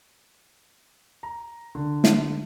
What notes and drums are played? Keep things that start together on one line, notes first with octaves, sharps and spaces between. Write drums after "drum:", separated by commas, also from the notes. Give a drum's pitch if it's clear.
A#5
D3
drum: snare